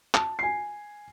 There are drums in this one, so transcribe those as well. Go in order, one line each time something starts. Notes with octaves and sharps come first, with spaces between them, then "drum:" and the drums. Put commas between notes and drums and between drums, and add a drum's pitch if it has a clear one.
A5, drum: clap
G#5 C7